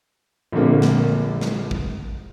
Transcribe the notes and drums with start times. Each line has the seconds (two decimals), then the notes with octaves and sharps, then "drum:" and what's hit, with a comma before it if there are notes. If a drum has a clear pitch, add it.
0.52 A#1 F2 D3 A#3
0.82 drum: snare
1.41 drum: snare
1.71 drum: kick